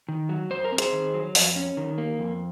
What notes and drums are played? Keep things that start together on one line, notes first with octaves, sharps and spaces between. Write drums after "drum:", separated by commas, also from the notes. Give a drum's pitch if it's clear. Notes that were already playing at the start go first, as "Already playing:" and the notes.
D#3
F#3
F#2 C5
A#4
C4
G#4 C5, drum: hi-hat
D#3
F#3
F2, drum: open hi-hat
C#4
D#3
A#3
F2